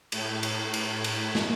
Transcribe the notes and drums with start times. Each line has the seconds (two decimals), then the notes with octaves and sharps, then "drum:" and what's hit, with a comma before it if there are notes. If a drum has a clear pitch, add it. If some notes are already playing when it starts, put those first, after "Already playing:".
0.12 A2, drum: cymbal
0.43 drum: cymbal
0.74 drum: cymbal
1.04 drum: cymbal
1.35 drum: snare